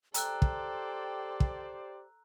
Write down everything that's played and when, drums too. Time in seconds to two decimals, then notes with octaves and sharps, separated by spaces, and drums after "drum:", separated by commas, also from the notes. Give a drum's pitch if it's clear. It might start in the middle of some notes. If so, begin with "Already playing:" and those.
0.14 G4 A4 C5 D5 G5 A#5 E6 F#6, drum: hi-hat
0.42 drum: kick
1.40 drum: kick